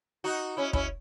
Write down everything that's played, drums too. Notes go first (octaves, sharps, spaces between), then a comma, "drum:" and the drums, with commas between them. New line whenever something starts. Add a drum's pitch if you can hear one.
D#4 F#4
C#4 E4
C#4 E4, drum: kick